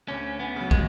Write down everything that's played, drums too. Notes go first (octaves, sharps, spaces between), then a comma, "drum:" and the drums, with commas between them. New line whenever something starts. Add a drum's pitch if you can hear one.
D2 C#4
B3
C#3 F#3
G#3, drum: kick